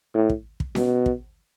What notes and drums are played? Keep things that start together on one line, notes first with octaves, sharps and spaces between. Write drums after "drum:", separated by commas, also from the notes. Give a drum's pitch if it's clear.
A2
drum: kick
drum: kick
B2, drum: snare C#4
drum: kick